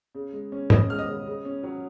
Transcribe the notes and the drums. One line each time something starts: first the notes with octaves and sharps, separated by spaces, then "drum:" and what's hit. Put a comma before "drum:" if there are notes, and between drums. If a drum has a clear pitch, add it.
C#3
G#3
C#4
C#4 D#5 D#6, drum: tom G#2
G#3 F6
D#5 D#6
C#3
C#3
C#4
F#3